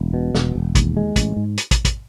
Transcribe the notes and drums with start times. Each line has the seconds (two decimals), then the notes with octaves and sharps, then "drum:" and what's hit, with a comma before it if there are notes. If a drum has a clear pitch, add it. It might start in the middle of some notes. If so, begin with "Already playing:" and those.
Already playing: E1
0.14 B2
0.35 E1, drum: snare
0.55 E1
0.75 D#2, drum: kick, hi-hat
0.97 G#3
1.16 A1, drum: kick, hi-hat
1.36 G#2
1.57 drum: hi-hat
1.71 drum: kick, hi-hat
1.85 drum: kick, hi-hat